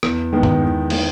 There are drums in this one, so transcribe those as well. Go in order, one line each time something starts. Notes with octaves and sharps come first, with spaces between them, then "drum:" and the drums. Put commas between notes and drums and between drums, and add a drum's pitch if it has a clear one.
E2, drum: rim click
D#3 G#3 B3
drum: tom G2
E2
D#3 G#3 B3, drum: cymbal